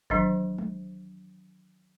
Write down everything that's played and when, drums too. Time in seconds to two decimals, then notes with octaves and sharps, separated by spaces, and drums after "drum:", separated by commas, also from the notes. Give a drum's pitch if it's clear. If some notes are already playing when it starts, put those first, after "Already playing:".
0.10 D#3 E3 F#3 D4, drum: kick F#1
0.58 drum: tom